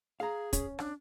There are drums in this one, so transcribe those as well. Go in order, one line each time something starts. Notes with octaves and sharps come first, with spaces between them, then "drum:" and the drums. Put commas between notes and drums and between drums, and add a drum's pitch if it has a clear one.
G#4 F5 A#5
C#4, drum: kick, hi-hat
D4, drum: rim click